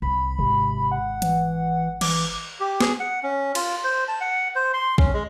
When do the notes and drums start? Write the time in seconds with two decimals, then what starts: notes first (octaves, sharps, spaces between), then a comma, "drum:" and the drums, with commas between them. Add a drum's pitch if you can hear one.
0.02 C2 B5
0.39 G#1 C3
0.92 F#5
1.22 E3, drum: hi-hat
2.01 E3 D6, drum: cymbal
2.60 G4
2.81 G#4, drum: snare
3.00 F#5
3.23 C#4
3.55 F4, drum: cymbal
3.84 C5
4.08 A5
4.21 F#5
4.55 C5
4.74 C6
4.98 C#4, drum: kick A#1
5.13 G#3